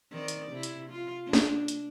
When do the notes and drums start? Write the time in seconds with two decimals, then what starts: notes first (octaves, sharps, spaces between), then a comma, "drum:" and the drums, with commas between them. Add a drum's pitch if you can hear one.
0.11 D#3 C4 D5
0.28 drum: hi-hat
0.52 C3 E4
0.63 drum: hi-hat
0.90 F4
1.24 A3 D4
1.33 drum: snare
1.68 drum: hi-hat